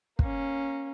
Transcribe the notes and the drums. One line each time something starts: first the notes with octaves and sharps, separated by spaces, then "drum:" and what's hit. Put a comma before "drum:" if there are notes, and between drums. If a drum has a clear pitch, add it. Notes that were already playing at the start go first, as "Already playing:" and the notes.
A#3 C#4, drum: kick